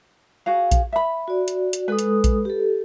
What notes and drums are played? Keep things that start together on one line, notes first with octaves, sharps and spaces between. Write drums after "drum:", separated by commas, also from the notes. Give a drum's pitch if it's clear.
F#4 G#4 F5
drum: kick A#1, hi-hat
E5 B5
F#4 D5
drum: hi-hat
drum: hi-hat
G#3 A4 B4 D#6
drum: hi-hat
drum: kick A#1, hi-hat
G4 A4